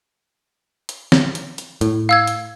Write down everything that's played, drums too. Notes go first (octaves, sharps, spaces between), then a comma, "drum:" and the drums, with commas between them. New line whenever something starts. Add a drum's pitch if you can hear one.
drum: hi-hat
drum: snare
drum: hi-hat
drum: hi-hat
A2, drum: hi-hat
F5 E6 G#6
drum: hi-hat